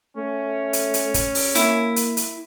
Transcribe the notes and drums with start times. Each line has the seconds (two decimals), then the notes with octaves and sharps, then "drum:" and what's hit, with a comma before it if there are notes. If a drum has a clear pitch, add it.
0.17 A3 C#4
0.73 drum: hi-hat
0.94 drum: hi-hat
1.14 drum: kick, hi-hat
1.35 drum: open hi-hat
1.55 A#3 E4, drum: hi-hat
1.96 drum: hi-hat
2.17 drum: hi-hat